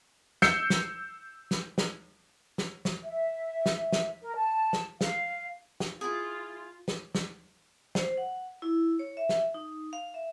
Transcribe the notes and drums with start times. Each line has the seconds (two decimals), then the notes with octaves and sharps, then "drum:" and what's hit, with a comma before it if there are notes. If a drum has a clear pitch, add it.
0.42 E6 G6 C7 C#7, drum: snare
0.70 drum: snare
1.51 drum: snare
1.78 drum: snare
2.58 drum: snare
2.85 drum: snare
3.04 E5
3.66 drum: snare
3.92 drum: snare
4.22 A#4
4.35 A5
4.73 drum: snare
5.01 F5, drum: snare
5.80 drum: snare
6.01 E4 F4 G#4
6.88 drum: snare
7.15 drum: snare
7.95 C5, drum: snare
8.17 F#5
8.62 E4
8.99 C#5
9.17 E5
9.29 drum: snare
9.54 D#4
9.93 F5
10.14 E5